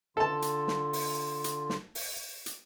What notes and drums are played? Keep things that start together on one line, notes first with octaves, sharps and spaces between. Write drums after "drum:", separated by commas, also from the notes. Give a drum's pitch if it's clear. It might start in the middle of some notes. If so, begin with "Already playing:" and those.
D3 F4 A4 A5
drum: hi-hat
drum: snare
drum: open hi-hat
drum: hi-hat
drum: snare
drum: open hi-hat
drum: hi-hat